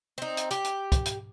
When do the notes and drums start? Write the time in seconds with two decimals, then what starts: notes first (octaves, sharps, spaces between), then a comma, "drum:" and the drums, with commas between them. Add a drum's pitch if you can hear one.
0.18 C4 D#4
0.37 drum: hi-hat
0.51 G4, drum: hi-hat
0.64 drum: hi-hat
0.92 drum: kick, hi-hat
1.05 drum: hi-hat